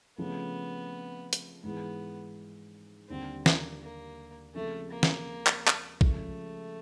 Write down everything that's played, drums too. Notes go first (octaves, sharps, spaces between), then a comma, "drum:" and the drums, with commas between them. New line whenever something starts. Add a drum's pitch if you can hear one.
C#3 F3 A3 B3 C4
drum: hi-hat
G#2 E3 G#3 B3
D#2 D3 G3 C4
A#3, drum: snare
A#3
C#3 F3 G#3 A3 C4
A#3
drum: snare
drum: clap
drum: clap
C#3 F3 G#3 A3, drum: kick A#1